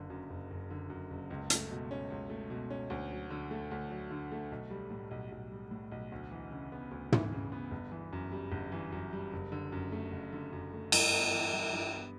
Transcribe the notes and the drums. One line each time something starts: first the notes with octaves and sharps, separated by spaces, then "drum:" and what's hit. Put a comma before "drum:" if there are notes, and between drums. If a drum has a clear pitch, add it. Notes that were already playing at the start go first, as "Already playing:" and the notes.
Already playing: F#1 D3
F#2
F#1
F#1
D3
F#2
F#1
C#2
A3, drum: hi-hat
B2
C#4
C#2
A3
B2
C#4
D2
F#3
D3
A3
D2
F#3
D3
A3
B1
G3
A2
B1
B1
G3
A2
B1
D2
E3
C#3
B3
D2
E3, drum: tom
C#3
B3
G1
E3
F#2
G3
G1
E3
F#2
G3
F#1
D3
F#2
A3
F#1
D3
F#2
A3
G2, drum: cymbal
B3
E3
G2
G2
B3